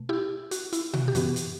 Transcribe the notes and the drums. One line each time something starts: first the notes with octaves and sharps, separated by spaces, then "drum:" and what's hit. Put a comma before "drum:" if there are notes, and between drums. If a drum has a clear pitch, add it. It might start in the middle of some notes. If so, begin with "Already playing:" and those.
Already playing: B2 A3
E4 G4
F#4, drum: hi-hat
E4, drum: hi-hat
F#4, drum: tom B2
G4
F#2 E3 B3 F#4, drum: hi-hat
drum: hi-hat